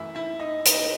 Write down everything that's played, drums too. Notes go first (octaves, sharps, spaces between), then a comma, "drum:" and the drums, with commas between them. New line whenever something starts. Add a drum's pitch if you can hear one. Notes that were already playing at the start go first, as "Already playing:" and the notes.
Already playing: F#2 E3 A3 E4 E5
E4 E5
D#4 D#5
D#4 D#5, drum: hi-hat